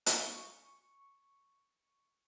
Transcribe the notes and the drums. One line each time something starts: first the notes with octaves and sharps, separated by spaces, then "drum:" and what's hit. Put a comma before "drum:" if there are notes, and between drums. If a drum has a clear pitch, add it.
F5 G#5 C#6, drum: hi-hat